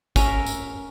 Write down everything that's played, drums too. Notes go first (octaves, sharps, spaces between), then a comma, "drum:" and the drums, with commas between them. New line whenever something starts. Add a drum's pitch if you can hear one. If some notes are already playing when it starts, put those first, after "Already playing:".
C#4 A#4 E5, drum: kick, tambourine
drum: tambourine